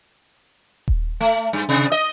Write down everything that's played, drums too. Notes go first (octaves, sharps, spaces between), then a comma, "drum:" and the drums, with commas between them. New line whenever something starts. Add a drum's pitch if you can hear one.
drum: kick D#1
A3
G2
C3
D#5